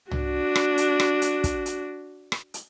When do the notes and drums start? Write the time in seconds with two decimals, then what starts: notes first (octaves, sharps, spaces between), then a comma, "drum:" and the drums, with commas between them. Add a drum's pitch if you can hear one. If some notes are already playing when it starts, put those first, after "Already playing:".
0.11 D4 F#4, drum: tom C2
0.56 drum: rim click
0.78 drum: hi-hat
1.00 drum: rim click
1.22 drum: hi-hat
1.44 drum: kick, hi-hat
1.66 drum: hi-hat
2.32 drum: rim click
2.54 drum: hi-hat